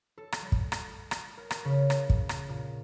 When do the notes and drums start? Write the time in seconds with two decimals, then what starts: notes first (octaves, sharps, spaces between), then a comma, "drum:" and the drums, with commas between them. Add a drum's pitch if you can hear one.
0.18 A4
0.32 drum: rim click
0.42 G3
0.52 drum: kick
0.72 drum: rim click
1.11 drum: rim click
1.38 A#4
1.51 drum: rim click
1.65 C#3
1.90 drum: rim click
2.10 drum: kick
2.29 drum: rim click
2.49 A#2